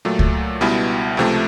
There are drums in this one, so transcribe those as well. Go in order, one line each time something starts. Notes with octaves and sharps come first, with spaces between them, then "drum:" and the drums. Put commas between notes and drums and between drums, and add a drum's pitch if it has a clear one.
A#2 F#3 A3
drum: kick C#2
C#2 B2 G3 B3 E4
C#2 C3 F3 A3